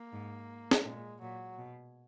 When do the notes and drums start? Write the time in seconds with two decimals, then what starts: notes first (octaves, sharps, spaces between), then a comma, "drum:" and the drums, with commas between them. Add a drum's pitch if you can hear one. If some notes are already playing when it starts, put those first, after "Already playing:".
Already playing: A#3
0.12 G#2
0.71 drum: snare
0.85 A#2 G#3
1.21 A#2 F#3
1.58 B2